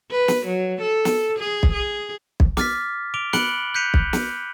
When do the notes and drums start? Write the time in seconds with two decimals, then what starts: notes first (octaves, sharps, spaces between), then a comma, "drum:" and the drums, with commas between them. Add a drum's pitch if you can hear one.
0.11 B4
0.28 drum: snare
0.46 F#3
0.82 A4
1.05 drum: snare
1.39 G#4
1.63 drum: kick B1
1.73 G#4
2.40 drum: kick B1
2.57 D6 F6 A6 B6, drum: snare
3.14 D6 D7 F7 G7
3.33 B5 F#6 C#7 D7 F#7 G7, drum: snare
3.74 F#6 G6 B6 C#7 D#7 F7
3.94 drum: kick B1
4.13 drum: snare